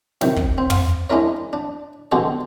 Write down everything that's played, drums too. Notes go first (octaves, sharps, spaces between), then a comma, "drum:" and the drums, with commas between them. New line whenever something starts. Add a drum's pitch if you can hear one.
F#2 C3 D#3, drum: snare
drum: kick
C4
F5, drum: tom
G#3 C#4 D4 E4 A#4 C#5
D4
B2 D3 G#3 F#4 G4 A4